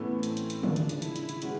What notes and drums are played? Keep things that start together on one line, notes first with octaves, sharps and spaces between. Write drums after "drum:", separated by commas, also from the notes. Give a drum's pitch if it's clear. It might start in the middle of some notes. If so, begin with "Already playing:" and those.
Already playing: A2 E3 A3 B3 C#4 E4
C4, drum: hi-hat
drum: hi-hat
drum: hi-hat
D#2 C#3 F3 G#3 D4, drum: tom D3
drum: hi-hat
drum: hi-hat
E4, drum: hi-hat
drum: hi-hat
drum: hi-hat
E3 G#3 C#4 F#4, drum: hi-hat